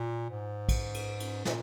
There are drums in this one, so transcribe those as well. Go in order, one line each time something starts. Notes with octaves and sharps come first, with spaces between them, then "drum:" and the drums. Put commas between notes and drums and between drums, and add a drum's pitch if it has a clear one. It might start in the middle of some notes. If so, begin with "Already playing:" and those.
Already playing: A#2
G#2
drum: kick, cymbal
drum: cymbal
drum: cymbal
A#2, drum: snare